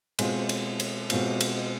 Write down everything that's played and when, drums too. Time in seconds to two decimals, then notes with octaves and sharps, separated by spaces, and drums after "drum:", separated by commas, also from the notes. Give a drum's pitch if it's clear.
0.19 B2 G#3 C4 F4, drum: cymbal
0.49 drum: cymbal
0.80 drum: cymbal
1.10 B2 G#3 C4 F4, drum: cymbal
1.41 drum: cymbal